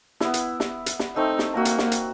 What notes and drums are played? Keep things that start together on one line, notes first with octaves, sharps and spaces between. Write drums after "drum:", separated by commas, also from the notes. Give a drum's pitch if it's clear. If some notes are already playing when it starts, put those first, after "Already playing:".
B3 E4, drum: snare
drum: hi-hat
drum: snare
drum: hi-hat
drum: snare
A3 C4 D#4
drum: snare
A#3 F#4 G5 A#5
drum: hi-hat
drum: snare
drum: hi-hat